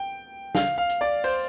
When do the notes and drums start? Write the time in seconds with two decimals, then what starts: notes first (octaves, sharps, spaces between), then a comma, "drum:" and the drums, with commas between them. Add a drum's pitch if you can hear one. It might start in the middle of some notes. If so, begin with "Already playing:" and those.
Already playing: G5
0.55 F5, drum: snare
0.78 F5
0.89 drum: hi-hat
1.01 D5
1.24 C5, drum: open hi-hat